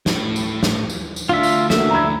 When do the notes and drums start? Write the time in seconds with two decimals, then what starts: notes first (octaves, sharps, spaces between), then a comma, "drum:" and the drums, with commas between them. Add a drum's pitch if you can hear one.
0.06 A2 E4, drum: snare
0.36 drum: tambourine
0.63 drum: snare
0.90 drum: tambourine
1.16 drum: tambourine
1.29 D2 D4 F4 E5
1.43 drum: tambourine
1.70 A3 A#3 F#4 E5, drum: snare
1.91 A#5 B5 G#6